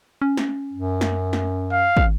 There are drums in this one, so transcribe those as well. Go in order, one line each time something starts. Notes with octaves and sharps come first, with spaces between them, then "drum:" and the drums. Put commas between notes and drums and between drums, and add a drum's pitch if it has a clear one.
C#4
drum: snare
F#2
drum: snare
drum: snare
F5
drum: kick